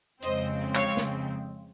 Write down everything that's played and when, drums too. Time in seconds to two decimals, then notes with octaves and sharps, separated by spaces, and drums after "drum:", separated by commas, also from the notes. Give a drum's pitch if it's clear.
0.22 F2 C#3 G#3 C4 C5 D#5, drum: hi-hat
0.75 C#5 F5, drum: clap
0.97 drum: snare